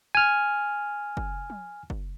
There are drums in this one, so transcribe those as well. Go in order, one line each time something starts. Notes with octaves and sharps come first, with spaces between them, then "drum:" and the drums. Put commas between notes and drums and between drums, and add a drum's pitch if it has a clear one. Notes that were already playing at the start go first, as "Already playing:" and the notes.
G#5 F6
drum: kick
drum: tom
drum: kick